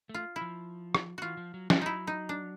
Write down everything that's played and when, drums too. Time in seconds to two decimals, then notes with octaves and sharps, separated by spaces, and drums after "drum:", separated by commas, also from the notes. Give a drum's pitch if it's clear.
0.09 A3 F4
0.36 E4
0.41 F3
0.95 drum: rim click
1.18 E3 F4 F#4
1.37 F3
1.54 F#3
1.70 G3, drum: snare
1.82 F#3 D#4 E4
2.07 D#4
2.29 D4